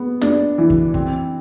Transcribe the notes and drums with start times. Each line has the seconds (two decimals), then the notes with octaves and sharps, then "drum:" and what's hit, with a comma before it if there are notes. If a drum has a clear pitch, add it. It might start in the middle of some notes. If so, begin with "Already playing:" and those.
Already playing: B3
0.21 D4, drum: snare
0.58 E3
0.70 drum: kick
0.94 C4, drum: kick